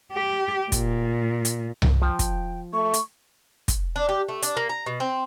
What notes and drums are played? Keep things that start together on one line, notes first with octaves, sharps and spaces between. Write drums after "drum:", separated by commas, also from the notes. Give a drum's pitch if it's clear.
G4
A#2, drum: kick, hi-hat
drum: hi-hat
drum: tom C2
F3 G5
drum: kick, hi-hat
A3 C#6
drum: hi-hat
drum: kick, hi-hat
D4
G4
A3
D4, drum: hi-hat
A#3
A#5
B2
C4